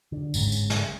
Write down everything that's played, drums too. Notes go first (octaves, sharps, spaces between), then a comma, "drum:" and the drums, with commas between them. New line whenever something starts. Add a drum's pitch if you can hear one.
D3
G1 G#2 C#3, drum: tambourine
drum: tambourine
drum: snare